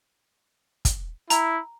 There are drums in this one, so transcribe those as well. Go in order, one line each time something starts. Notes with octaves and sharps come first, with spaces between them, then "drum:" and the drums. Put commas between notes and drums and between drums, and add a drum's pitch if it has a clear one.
drum: kick, hi-hat
E4 A#5, drum: hi-hat